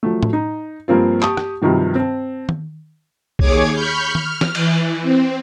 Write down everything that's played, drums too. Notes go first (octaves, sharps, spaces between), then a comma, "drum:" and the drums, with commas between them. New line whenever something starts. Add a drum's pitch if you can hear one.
F3 F#3 A3
drum: tom A2
D#4
G2 F3 A#3 C4 F4
G4 A5 C#6 D#6, drum: clap
drum: rim click
G2 C3 D#3 F3 F#3
C4 A5
drum: tom D#3
D#2 G#4 C#5 D6 G#6, drum: kick B1
B5 C#6 F6 G6
F6, drum: tom D#3
drum: snare
E3, drum: cymbal
C4